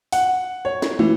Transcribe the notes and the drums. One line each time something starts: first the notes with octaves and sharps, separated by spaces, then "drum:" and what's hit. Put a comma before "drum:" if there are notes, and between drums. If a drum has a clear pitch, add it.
F#5, drum: open hi-hat
C#5
drum: snare
E3, drum: tom